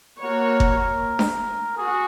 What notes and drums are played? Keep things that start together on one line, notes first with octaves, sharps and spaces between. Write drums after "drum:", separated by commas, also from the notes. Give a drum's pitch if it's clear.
A#3 F#4 A#4 C#5
drum: kick F#1
drum: snare D4
F#4 G#4